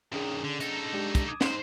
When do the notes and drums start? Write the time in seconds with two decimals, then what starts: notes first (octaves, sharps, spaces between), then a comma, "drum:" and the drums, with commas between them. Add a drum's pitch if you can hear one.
0.12 F#2 D#3 C#4 D4 G#4
0.44 D3
0.61 D#4 A4, drum: hi-hat
0.93 G#3 D4 G4
1.15 drum: kick, hi-hat
1.28 D6 D#6 G#6
1.41 G#3 D#4 C5, drum: snare